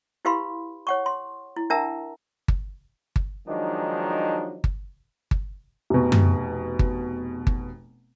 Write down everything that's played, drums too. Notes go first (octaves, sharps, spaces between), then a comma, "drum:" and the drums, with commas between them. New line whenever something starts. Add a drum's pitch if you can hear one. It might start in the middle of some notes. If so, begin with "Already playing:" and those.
E4 G4 B4 F5 B5 C6
C#5 F#5 C#6
C6
E4
D4 A#4 E5 F#5 A5 A#5
drum: kick G1
drum: kick G1
D#3 F3 F#3 G#3 D4 D#4
drum: kick G1
drum: kick G1
F1 B2
drum: tom F#2
drum: kick G1
drum: kick G1